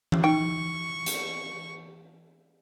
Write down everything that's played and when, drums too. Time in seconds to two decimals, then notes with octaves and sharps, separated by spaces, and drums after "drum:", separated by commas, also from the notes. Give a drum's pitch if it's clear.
0.12 drum: tom E3
0.24 D#4 G5 C#6
1.06 drum: hi-hat